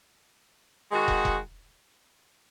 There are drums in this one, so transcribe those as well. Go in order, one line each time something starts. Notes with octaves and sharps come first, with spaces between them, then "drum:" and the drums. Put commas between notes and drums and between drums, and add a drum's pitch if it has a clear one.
D#3 G#3 D#4 F#4
drum: kick
drum: kick